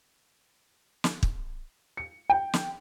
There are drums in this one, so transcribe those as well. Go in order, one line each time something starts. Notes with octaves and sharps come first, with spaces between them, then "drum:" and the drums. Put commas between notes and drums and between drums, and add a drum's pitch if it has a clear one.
drum: snare
drum: kick
C#7
G5
drum: snare